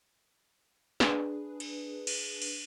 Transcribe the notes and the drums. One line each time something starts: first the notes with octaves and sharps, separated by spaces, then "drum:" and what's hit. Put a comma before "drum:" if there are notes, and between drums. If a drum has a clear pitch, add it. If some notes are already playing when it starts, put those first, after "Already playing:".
D4 G#4 B4, drum: snare
drum: cymbal
drum: cymbal
drum: cymbal